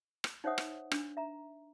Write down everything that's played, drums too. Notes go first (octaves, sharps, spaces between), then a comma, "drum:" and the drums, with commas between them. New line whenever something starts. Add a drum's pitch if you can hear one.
drum: rim click
D#4 C5 C#5 E5 F#5 D#6
drum: rim click
D4, drum: rim click
E5 A#5